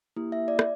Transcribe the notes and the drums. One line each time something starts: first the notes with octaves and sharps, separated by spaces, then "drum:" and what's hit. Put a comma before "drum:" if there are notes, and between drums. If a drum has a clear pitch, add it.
A#3 E4 G4
E5
D5
drum: rim click